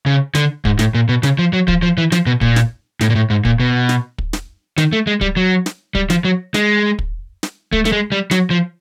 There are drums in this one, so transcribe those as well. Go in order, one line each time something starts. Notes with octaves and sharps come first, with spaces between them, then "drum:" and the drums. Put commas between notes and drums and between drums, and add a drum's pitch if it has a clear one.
C#3
D3, drum: snare
G#2, drum: kick
A2, drum: snare
A#2
B2
C#3, drum: snare
F3
F#3
F3, drum: kick
F3
E3
F3, drum: snare
B2
A#2, drum: kick
drum: snare
A2, drum: snare
A#2
A2
G#2
A#2, drum: kick
B2
drum: snare
drum: kick
drum: snare
D#3, drum: snare
A3
G#3
G3, drum: kick
F#3
drum: snare
G3, drum: kick
F3, drum: snare
F#3
G#3, drum: snare
drum: kick
drum: snare
A3, drum: kick
A3, drum: snare
G#3
G3
F#3, drum: snare
F3